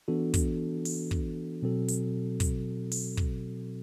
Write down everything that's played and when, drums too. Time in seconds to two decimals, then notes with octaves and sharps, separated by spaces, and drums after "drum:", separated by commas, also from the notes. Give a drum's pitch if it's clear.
0.08 E3 B3 D4 F#4 A4
0.34 drum: kick, hi-hat
0.85 drum: open hi-hat
1.11 drum: kick
1.62 B2 F#3 C4 F#4 A4
1.88 drum: hi-hat
2.40 drum: kick, hi-hat
2.92 drum: open hi-hat
3.17 drum: kick